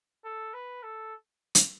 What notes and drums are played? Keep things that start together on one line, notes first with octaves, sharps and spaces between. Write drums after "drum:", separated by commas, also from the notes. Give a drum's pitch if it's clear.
A4
B4
A4
drum: hi-hat